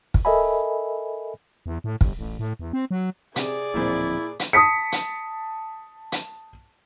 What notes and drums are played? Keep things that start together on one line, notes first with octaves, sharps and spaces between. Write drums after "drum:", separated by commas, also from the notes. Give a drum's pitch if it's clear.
drum: kick
A4 A#4 D#5 E5 G#5 B5
E2
A2
G1, drum: kick
A1
A2
E2
C4
F#3
C3 G#4 D5, drum: hi-hat
D1 A#2 F3 C4 E4 C5
drum: hi-hat
A5 D#6 B6 C#7
drum: hi-hat
drum: hi-hat